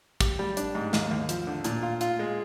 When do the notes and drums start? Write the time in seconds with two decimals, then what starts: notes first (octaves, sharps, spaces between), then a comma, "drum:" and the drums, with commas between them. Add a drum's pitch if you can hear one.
0.20 G4, drum: kick, hi-hat
0.39 G3
0.57 D4, drum: hi-hat
0.75 G#2
0.93 D#2, drum: snare
1.11 D#2
1.29 F3, drum: hi-hat
1.47 D3
1.64 A#2, drum: hi-hat
1.83 F4
2.01 F4, drum: hi-hat
2.19 G#3